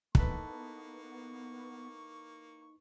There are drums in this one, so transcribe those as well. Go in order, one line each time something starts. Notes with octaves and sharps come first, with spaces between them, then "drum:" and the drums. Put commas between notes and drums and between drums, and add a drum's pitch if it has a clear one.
A#3 B3 D#4 E4 A4 B4 C#6, drum: kick